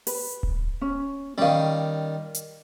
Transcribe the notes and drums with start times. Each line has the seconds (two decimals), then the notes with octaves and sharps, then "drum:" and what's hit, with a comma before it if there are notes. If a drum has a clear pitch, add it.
0.07 B4, drum: open hi-hat
0.43 drum: kick D1
0.81 C#4
1.38 D#3 G3 C#4 F5
2.35 drum: hi-hat